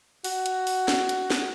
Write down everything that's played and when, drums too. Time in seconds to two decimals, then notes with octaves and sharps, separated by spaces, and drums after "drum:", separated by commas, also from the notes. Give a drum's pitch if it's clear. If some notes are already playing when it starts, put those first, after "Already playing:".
0.24 F#4, drum: open hi-hat
0.46 drum: hi-hat
0.67 drum: open hi-hat
0.88 drum: snare
1.09 drum: hi-hat
1.30 drum: snare